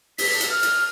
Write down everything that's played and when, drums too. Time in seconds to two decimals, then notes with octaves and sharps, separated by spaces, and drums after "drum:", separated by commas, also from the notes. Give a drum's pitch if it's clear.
0.18 B6, drum: open hi-hat
0.40 drum: hi-hat
0.50 F6
0.63 drum: hi-hat